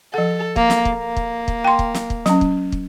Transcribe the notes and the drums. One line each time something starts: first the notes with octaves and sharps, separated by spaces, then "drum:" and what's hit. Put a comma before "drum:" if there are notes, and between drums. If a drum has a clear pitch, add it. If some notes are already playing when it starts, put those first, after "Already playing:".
F3 A4 F#5
A#3, drum: kick
drum: snare
drum: kick
A#3
drum: kick
drum: kick
G5 C6
drum: kick
drum: snare
drum: kick
F#3 C#4, drum: snare
drum: kick
drum: kick